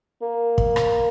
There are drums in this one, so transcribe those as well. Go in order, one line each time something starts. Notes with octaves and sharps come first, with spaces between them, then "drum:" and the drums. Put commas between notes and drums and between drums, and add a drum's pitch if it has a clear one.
A#3
drum: kick
drum: rim click